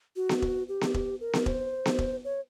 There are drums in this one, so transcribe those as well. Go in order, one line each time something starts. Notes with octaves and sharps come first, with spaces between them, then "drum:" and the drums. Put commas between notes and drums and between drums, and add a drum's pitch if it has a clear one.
F#4
drum: snare B3
drum: kick E1
G4
drum: snare B3
drum: kick E1
A#4
drum: snare B3
C5, drum: kick E1
drum: snare B3
drum: kick E1
C#5